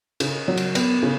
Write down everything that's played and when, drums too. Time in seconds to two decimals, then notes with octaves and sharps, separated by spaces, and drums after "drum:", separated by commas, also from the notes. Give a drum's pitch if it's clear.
0.20 C#3, drum: cymbal
0.48 F#3
0.57 drum: cymbal
0.75 B3, drum: cymbal
1.03 C#3